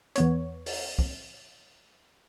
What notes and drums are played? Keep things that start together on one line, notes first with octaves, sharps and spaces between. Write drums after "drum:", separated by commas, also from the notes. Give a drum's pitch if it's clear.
E2 B3 C#5, drum: hi-hat
drum: open hi-hat
drum: kick